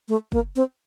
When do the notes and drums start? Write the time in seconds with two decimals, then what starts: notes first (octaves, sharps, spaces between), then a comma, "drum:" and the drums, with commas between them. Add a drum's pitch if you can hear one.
0.08 A3
0.32 A#3, drum: kick
0.56 C4